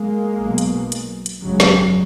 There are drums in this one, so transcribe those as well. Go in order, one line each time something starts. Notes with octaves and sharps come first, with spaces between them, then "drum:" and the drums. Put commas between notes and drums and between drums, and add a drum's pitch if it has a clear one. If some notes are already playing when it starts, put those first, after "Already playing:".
Already playing: G#3 A#3
B1 B2
drum: hi-hat
drum: hi-hat
drum: hi-hat
G#1 F#2 C#3 F#3 G#3
drum: snare